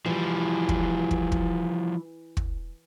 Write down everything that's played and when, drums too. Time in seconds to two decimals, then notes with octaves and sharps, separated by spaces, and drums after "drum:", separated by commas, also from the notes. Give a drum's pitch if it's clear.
0.06 E3 F3 G3
0.69 drum: kick
1.11 drum: kick
1.32 drum: kick
2.37 drum: kick